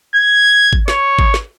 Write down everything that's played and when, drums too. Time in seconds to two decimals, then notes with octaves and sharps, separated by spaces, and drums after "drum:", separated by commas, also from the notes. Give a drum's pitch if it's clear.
0.15 G#6
0.73 drum: kick G#1
0.88 C#5, drum: snare
1.19 drum: kick G#1
1.34 drum: snare